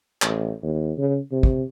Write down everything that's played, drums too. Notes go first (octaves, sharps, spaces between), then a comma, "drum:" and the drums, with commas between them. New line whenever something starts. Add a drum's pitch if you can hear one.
A1, drum: clap
D#2
C#3
C3
drum: kick